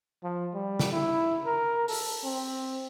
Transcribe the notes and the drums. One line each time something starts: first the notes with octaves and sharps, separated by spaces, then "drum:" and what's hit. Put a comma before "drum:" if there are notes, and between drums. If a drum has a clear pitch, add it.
F3
G3
drum: snare
E4
A#4
A4, drum: open hi-hat
C4